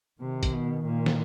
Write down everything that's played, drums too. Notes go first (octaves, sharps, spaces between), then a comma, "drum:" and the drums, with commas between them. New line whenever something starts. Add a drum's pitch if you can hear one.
C3 D#3
drum: kick, hi-hat
B2
A#2
drum: snare